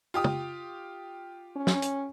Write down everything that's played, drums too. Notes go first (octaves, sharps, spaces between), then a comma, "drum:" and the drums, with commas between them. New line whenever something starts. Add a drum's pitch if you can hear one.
F4 G4 D#6
drum: tom
C#4
drum: snare
drum: hi-hat